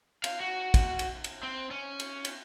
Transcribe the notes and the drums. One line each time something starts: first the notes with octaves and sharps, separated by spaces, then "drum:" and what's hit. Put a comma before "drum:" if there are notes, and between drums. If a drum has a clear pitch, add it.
F5, drum: cymbal
F#4
drum: kick, cymbal
drum: cymbal
drum: cymbal
C4
C#4
drum: cymbal
drum: cymbal